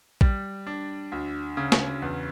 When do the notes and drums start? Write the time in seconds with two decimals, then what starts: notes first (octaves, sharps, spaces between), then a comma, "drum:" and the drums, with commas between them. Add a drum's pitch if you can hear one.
0.21 G3, drum: kick
0.67 D4
1.12 D2
1.57 C#3
1.72 drum: snare
2.02 E2